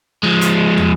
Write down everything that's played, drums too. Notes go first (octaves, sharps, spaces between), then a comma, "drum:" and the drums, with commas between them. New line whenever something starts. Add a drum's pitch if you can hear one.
F3 G#3
drum: hi-hat
drum: tom